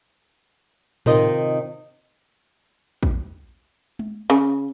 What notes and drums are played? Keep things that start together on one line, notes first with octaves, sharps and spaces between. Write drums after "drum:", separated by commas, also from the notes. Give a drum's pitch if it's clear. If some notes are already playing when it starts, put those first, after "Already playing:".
C3 D#3 D#4 F4 D#5, drum: tom A2
drum: kick
drum: tom G#3
C#3, drum: open hi-hat